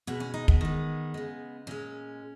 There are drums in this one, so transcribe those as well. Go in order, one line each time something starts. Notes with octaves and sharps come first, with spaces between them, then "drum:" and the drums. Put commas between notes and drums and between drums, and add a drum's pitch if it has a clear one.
B2 G#3 B3
C#4
D#4
B3, drum: kick
D#3 G#3
C#3 G#3
A#2 G#3 C#4